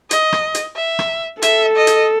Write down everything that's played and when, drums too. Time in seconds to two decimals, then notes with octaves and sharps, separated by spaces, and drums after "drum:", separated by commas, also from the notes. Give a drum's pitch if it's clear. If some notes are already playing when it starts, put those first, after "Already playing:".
0.11 D#5, drum: hi-hat
0.32 drum: rim click
0.55 drum: hi-hat
0.76 E5
0.99 drum: rim click
1.42 A4 E5, drum: hi-hat
1.77 D#5
1.87 drum: hi-hat